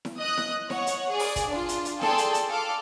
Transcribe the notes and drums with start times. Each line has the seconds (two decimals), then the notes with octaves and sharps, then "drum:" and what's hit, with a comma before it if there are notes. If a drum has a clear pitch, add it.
0.05 drum: snare E4
0.18 D#5 D#6 F#6
0.37 drum: snare E4
0.70 C#5 F#5, drum: snare E4
0.87 drum: hi-hat
1.10 G#4 D5
1.19 drum: open hi-hat
1.36 drum: kick, hi-hat
1.49 D4 F4
1.69 drum: hi-hat
1.85 drum: hi-hat
2.01 G#4 A4 D5 G5 A5 C6, drum: snare E4
2.18 drum: hi-hat
2.34 drum: hi-hat
2.48 A4 F5 D6